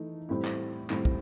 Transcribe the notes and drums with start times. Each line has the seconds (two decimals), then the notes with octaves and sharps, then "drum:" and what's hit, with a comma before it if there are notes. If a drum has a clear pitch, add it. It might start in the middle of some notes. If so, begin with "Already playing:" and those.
Already playing: E3 A3 D#4
0.29 A2 G3 C4 E4
0.45 drum: clap
0.90 A2 G3 C4 E4, drum: clap
1.05 drum: kick